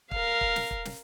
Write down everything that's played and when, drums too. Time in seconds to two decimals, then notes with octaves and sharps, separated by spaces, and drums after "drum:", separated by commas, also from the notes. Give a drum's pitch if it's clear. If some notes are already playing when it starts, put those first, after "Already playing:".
0.11 A#4 F5, drum: kick
0.41 drum: kick
0.56 drum: snare
0.71 drum: kick
0.85 drum: snare